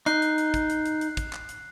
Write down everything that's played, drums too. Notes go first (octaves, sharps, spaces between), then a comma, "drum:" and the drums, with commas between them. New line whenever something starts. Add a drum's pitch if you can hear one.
D#4 F#6 C7, drum: hi-hat
drum: hi-hat
drum: hi-hat
drum: kick, hi-hat
drum: hi-hat
drum: hi-hat
drum: hi-hat
drum: kick, hi-hat
drum: clap
drum: hi-hat